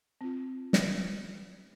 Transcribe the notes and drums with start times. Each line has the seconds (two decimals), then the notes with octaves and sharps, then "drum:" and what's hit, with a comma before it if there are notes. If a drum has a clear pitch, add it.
0.21 C4 F4
0.73 drum: snare